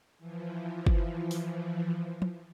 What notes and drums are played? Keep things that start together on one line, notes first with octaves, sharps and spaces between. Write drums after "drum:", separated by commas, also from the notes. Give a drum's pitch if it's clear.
E3 F3
drum: kick
drum: open hi-hat
drum: tom F3